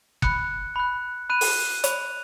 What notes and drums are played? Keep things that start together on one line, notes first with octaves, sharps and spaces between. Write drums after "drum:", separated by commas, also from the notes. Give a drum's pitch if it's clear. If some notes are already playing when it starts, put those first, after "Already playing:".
B5 F#6 C#7, drum: kick F#1
B5 F#6
B5 F#6 D#7
drum: open hi-hat
B5 F#6 F7, drum: hi-hat